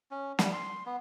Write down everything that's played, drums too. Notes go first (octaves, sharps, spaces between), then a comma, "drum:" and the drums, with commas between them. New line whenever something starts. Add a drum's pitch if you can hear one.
C#4
G3, drum: snare
C6
B3